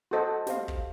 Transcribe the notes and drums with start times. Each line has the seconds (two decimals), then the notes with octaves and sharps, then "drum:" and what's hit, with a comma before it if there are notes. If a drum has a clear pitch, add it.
0.11 F#4 A4 C5 D#5 F#5
0.47 G4 C5 F5, drum: snare
0.68 drum: kick